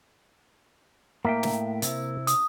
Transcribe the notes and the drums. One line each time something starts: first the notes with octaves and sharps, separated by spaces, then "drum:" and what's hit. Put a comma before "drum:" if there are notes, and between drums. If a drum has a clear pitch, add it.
A2 A#3 E5 G5
drum: snare
C3 E4, drum: hi-hat
D#6, drum: hi-hat